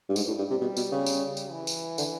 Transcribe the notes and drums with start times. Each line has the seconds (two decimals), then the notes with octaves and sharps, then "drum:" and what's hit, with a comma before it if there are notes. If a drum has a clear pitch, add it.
0.09 G2
0.16 G#2 G3, drum: tambourine
0.27 A2
0.38 G2
0.50 C3
0.61 B2
0.77 B2, drum: tambourine
0.91 C#3
1.06 drum: tambourine
1.37 drum: tambourine
1.51 E3
1.67 drum: tambourine
1.98 D3, drum: tambourine